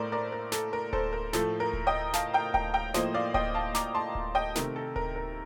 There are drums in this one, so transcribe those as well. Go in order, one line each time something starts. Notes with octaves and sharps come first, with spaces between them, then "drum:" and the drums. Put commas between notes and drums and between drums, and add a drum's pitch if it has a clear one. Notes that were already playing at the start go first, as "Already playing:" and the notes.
Already playing: A2 A3 A4 A#4 C5 D5
A#4 D5
A#4
A4, drum: snare
A#4
A4 C5, drum: kick D1
A#4
A2 F3 A3 A4, drum: snare
A#4
drum: kick D1
D#5 G5
F5 A5, drum: snare
G5 A#5
G5 A#5, drum: kick D1
G5 A#5
A2 F3 A#3 C5 D#5, drum: snare
D5 F5
D#5 G5, drum: kick D1
F5 A5
A#5 D6, drum: snare
A5 C6
drum: kick D1
D#5 G5
C3 D#3 A3 A#4, drum: snare
A4
A#4, drum: kick D1
A#4